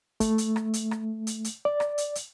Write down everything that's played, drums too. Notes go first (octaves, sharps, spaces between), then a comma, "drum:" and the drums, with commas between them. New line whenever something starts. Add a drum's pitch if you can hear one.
A3, drum: kick, hi-hat
drum: hi-hat
drum: rim click
drum: hi-hat
drum: rim click
drum: hi-hat
drum: hi-hat
D5
drum: rim click
drum: hi-hat
drum: hi-hat